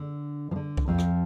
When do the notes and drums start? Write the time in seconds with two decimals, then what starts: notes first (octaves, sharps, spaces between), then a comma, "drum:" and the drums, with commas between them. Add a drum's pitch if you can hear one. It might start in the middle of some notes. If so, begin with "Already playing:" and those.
Already playing: D3
0.51 F3
0.56 D3
0.77 drum: kick C2
0.88 F2 F3
0.98 drum: rim click